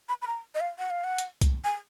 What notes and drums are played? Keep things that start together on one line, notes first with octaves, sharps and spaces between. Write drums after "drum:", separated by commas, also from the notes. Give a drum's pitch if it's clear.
B5
B5
A#5
D#5
F5
F#5
F5
F#5
drum: hi-hat
drum: kick C2, hi-hat
G#5